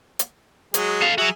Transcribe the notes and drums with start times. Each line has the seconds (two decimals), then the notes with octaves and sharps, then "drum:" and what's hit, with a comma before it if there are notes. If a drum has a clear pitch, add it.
0.19 drum: hi-hat
0.74 F#3 G#3 G#4, drum: hi-hat
1.01 A4 F5
1.18 F#3 F#4 G#4 E5